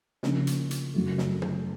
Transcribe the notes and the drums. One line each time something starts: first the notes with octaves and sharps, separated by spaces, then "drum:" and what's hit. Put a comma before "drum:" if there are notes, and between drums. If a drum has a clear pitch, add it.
C#3 F3 A#3 C#4, drum: snare
drum: hi-hat
drum: hi-hat
F#2 C#3 F#3 A3
drum: snare
drum: tom